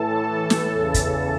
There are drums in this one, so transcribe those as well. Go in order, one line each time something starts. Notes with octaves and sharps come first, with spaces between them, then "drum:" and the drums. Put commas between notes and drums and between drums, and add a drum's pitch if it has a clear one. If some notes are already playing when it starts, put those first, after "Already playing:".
Already playing: A2 E3 A4 A5
drum: snare
E2 C#3 E3
drum: kick, hi-hat